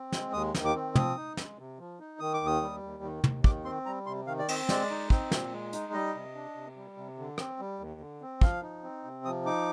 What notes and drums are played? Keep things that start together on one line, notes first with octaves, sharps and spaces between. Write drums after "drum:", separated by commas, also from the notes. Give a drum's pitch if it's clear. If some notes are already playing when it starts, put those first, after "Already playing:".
Already playing: C4
G#3, drum: snare
D#2 D#6
D#3, drum: snare
D6
C4
F3 D#6, drum: tom
D#4
G#3, drum: snare
C3
F3
D#4
D#3 D#6
D6
D#2
D#6
G3
D#2
D#3
D#2, drum: tom
D#3 D6, drum: kick
C4 C6
G3 A#5
C3 C6
D#3 F5
D5
C4 D#5, drum: cymbal
G#3 D5, drum: snare
D#4
C4, drum: kick
A#2, drum: snare
G#3
D#4, drum: hi-hat
G3 D#5
C3
D4
C3
G3
C3
D3
C4, drum: rim click
G3
D#2
D3
C4
F3 F5, drum: kick
D#4
C4
C3
F3 D#6
D#4 D6